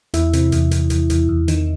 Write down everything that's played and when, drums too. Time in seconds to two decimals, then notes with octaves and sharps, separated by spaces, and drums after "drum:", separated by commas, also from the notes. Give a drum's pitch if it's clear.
0.14 E2 E4, drum: hi-hat
0.33 C3, drum: hi-hat
0.52 E2, drum: hi-hat
0.71 E2, drum: hi-hat
0.90 E2, drum: hi-hat
1.10 E2, drum: hi-hat
1.29 E2
1.48 D#3, drum: hi-hat